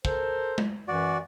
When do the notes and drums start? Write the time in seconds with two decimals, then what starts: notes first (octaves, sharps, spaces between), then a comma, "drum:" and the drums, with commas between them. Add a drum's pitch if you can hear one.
0.05 A4 A#4 C5, drum: kick
0.58 drum: tom G#3
0.88 F#2 E3 F#4 D5